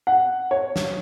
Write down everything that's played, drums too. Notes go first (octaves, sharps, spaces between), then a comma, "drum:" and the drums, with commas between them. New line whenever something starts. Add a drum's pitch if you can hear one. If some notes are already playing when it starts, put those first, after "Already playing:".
F#5
C#5
drum: snare